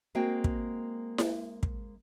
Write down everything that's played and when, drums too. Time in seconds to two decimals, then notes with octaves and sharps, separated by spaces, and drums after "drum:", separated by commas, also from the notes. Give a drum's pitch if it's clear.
0.15 G#3 A#3 C4 F#4 G5
0.44 drum: kick
1.18 drum: snare E4
1.63 drum: kick